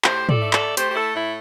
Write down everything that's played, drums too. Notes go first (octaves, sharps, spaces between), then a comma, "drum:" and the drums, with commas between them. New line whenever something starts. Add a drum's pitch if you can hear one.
A2 G4 C5, drum: clap
A4 D5, drum: tom
A3
A4 D5, drum: clap
A3 G4 C5, drum: hi-hat
G4
E4 A4
A2 E4